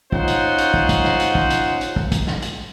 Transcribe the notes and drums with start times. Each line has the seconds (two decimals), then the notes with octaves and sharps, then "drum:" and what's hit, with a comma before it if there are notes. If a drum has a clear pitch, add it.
0.12 C#4 D#4 F4 C5 F#5, drum: kick
0.28 drum: hi-hat
0.58 drum: hi-hat
0.74 drum: kick
0.89 drum: kick, hi-hat
1.04 drum: snare
1.20 drum: hi-hat
1.35 drum: kick
1.50 drum: hi-hat
1.81 drum: hi-hat
1.96 drum: kick
2.12 drum: kick, hi-hat
2.27 drum: snare
2.42 drum: hi-hat